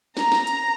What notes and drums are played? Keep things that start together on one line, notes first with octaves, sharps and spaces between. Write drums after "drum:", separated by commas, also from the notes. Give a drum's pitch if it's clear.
A#5, drum: snare
drum: snare
drum: hi-hat